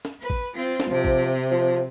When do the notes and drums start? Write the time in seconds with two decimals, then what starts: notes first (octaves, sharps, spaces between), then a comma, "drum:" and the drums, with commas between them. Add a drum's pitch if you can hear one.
0.05 drum: snare
0.21 B4
0.30 drum: kick A1, tambourine
0.55 C4 F4
0.80 drum: snare
0.90 C3 F3
1.05 drum: kick A1
1.30 drum: tambourine
1.51 F3